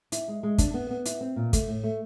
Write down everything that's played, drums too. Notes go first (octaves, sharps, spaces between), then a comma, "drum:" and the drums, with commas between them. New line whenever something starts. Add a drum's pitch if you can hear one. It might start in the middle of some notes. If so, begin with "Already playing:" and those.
E4, drum: hi-hat
G#3
G#3
D4, drum: kick, hi-hat
B3
B3
E4, drum: hi-hat
C4
A#2
A3, drum: kick, hi-hat
A2
A3